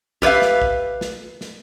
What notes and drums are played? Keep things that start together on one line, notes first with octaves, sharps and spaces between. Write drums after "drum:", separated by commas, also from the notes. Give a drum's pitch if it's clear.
G4 B4 C#5 E5 F5, drum: kick A#1
drum: snare
drum: kick A#1
drum: snare
drum: snare